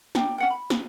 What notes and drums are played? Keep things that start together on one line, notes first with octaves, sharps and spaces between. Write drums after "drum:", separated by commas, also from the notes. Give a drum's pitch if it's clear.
D4 G5 A#5, drum: snare
C#4 F#5 G5
B5
drum: snare